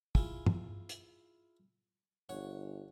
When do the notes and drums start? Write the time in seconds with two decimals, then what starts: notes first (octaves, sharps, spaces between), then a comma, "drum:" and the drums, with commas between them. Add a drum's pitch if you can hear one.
0.15 E4 F4 G#4, drum: kick
0.46 drum: tom
0.89 drum: hi-hat
2.29 G1 C#5 F#5